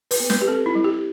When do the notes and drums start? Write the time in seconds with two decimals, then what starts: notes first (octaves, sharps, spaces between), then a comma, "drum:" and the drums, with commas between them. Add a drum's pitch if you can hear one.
0.11 B4, drum: open hi-hat
0.20 B3
0.30 B4, drum: snare
0.42 G4
0.47 C4 A4
0.66 E4
0.75 G3
0.84 G4